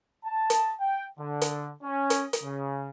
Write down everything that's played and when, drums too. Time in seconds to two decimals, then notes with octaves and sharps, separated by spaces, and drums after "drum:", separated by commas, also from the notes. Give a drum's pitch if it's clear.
0.25 A5
0.50 drum: hi-hat
0.80 G5
1.19 D3
1.41 drum: hi-hat
1.83 C#4
2.10 drum: hi-hat
2.33 drum: hi-hat
2.43 C#3